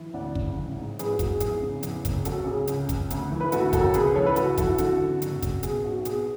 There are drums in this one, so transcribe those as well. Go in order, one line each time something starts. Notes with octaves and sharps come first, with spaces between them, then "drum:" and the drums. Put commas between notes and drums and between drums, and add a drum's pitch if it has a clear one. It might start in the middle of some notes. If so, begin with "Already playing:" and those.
Already playing: E3
D2 D5 F#5
C#3, drum: kick
A1
G#2
A1 G#4 B4, drum: hi-hat
F#4
G#2, drum: kick, hi-hat
G#4
E2 G#4, drum: hi-hat
C#3
E2, drum: hi-hat
F#1, drum: kick, hi-hat
C#2 F#4 A4, drum: hi-hat
C#3 G#4
C#2, drum: hi-hat
C#2, drum: kick, hi-hat
D2, drum: hi-hat
E3
B4
D2 F#4 A4, drum: hi-hat
E1 F#4 A4, drum: kick, hi-hat
C#2 G#4 B4, drum: hi-hat
E3 A4 C#5
B4
C#2 F#4 A4, drum: hi-hat
E3 F#4 A4, drum: kick, hi-hat
D3 F#4 A4, drum: hi-hat
D3
F#1, drum: hi-hat
F#1, drum: kick, hi-hat
B2 G#4, drum: hi-hat
B1 F#4
B2 G#4, drum: hi-hat